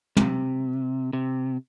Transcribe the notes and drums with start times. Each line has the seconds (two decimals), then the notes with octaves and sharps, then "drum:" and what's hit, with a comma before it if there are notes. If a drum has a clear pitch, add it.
0.17 C3, drum: tom
1.13 C3